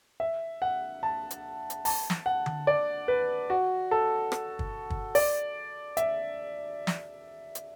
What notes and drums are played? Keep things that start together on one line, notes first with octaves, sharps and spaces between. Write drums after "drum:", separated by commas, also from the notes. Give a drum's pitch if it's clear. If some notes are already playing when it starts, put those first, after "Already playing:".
E5
F#5
A5
drum: hi-hat
drum: hi-hat
A5, drum: open hi-hat
drum: snare
F#5
drum: tom D3
D5
B4
F#4
A4
drum: rim click
drum: kick
drum: kick
D5, drum: open hi-hat
E5, drum: hi-hat
drum: snare
drum: hi-hat